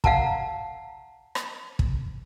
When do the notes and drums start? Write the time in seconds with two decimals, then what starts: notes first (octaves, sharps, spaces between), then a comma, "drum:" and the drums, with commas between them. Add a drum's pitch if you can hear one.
0.04 F5 F#5 A5 A#5, drum: kick
1.35 drum: rim click
1.79 drum: kick